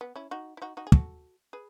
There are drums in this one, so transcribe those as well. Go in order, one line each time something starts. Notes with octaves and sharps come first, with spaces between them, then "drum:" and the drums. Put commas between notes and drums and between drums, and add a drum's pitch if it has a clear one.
B3
C#4 E4
D#4 F#4
E4
D#4 F#4
D#4 F#4
G#4
F#4 A4, drum: kick
G#4 B4